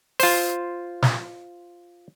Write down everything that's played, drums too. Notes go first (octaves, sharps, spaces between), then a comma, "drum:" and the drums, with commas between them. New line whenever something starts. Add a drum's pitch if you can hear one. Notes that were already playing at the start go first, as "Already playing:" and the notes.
F4 C5, drum: open hi-hat
drum: snare